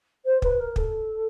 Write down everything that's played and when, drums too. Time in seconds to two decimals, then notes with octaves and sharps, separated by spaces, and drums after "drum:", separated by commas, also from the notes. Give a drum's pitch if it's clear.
0.25 C5
0.42 B4, drum: kick
0.59 A#4
0.76 A4, drum: kick